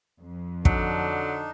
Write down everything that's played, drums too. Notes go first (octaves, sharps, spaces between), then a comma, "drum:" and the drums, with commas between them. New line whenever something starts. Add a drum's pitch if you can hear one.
F2
D3 F#3 D4 D#4, drum: kick